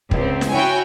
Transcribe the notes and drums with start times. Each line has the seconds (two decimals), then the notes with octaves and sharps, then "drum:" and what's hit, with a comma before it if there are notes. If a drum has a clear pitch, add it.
0.11 C#2 C4, drum: kick
0.41 drum: snare
0.52 E4 F#4 C#5 G5 G#5